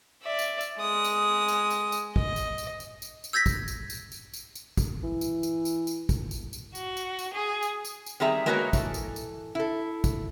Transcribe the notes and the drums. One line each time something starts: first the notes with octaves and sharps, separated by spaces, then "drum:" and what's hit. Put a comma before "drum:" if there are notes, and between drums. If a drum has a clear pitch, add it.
D5 E5
drum: tambourine
drum: tambourine
G#3 D#6
drum: tambourine
drum: tambourine
drum: tambourine
drum: tambourine
D#5, drum: kick
drum: tambourine
drum: tambourine
drum: tambourine
drum: tambourine
drum: tambourine
E6 G6 G#6 A#6 B6
drum: kick, tambourine
drum: tambourine
drum: tambourine
drum: tambourine
drum: tambourine
drum: tambourine
drum: kick, tambourine
E3
drum: tambourine
drum: tambourine
drum: tambourine
drum: tambourine
drum: kick, tambourine
drum: tambourine
drum: tambourine
F#4, drum: tambourine
drum: tambourine
drum: tambourine
G#4
drum: tambourine
drum: tambourine
drum: tambourine
D#3 G3 C4 G#4 E5 A#5
G#3 A#3 B3 F#4 A#4 C#5
E3 A4, drum: kick, tambourine
drum: tambourine
drum: tambourine
E4 A4
drum: kick, tambourine